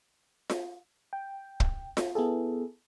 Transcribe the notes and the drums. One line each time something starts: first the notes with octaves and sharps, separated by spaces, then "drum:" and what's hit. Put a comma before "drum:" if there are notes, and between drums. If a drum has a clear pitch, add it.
drum: snare F4
G5
drum: kick
drum: snare F4
B3 E4 G#4 A4